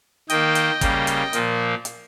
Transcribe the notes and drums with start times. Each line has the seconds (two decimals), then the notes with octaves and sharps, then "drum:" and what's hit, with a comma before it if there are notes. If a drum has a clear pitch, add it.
0.30 D#3 A#3 D#5 G5, drum: hi-hat
0.55 drum: hi-hat
0.81 C#3 G3 A#3, drum: kick, hi-hat
1.07 drum: hi-hat
1.33 A#2 F3 A#3, drum: hi-hat
1.85 drum: hi-hat